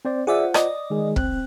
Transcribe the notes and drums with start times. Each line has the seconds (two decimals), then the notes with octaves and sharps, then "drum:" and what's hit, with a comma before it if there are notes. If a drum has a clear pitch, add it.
0.05 C4 C5 D5
0.27 F4 G#4 C5 D5 E5 F#5
0.54 D5 D#5, drum: rim click
0.90 D#3 G#3 G#4
1.16 C4 F#6, drum: kick